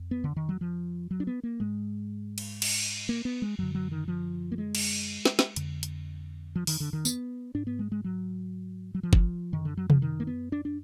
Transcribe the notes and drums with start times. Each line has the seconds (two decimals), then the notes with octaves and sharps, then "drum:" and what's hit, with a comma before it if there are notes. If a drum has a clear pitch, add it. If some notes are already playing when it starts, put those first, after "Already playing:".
Already playing: F2
0.11 B3
0.24 D3
0.36 D#3
0.49 F#3
0.61 F3
1.11 F#3
1.20 D4
1.27 B3
1.43 A#3
1.60 G#2 G#3
2.38 drum: cymbal
2.62 drum: cymbal
3.09 A#3
3.25 B3
3.42 G#3
3.58 F#2 D3 F#3
3.75 F#3
3.91 D#3
4.08 F3
4.52 A#3
4.58 G#3
4.75 drum: cymbal
5.25 drum: snare
5.39 drum: snare
5.56 F2 D3, drum: hi-hat
5.83 drum: hi-hat
6.56 F3
6.67 D#3, drum: open hi-hat
6.80 D3
6.93 D#3
7.05 B3, drum: tambourine
7.55 G#2 D4
7.67 B3
7.79 G#3
7.92 G#3
8.04 F#3
8.95 F#3
9.03 F3
9.13 drum: kick
9.52 F#2 D3 D#3
9.65 D3
9.77 F#3
9.90 F3, drum: tom C3
10.02 D#3
10.20 A#3
10.27 B3
10.52 D4
10.65 D4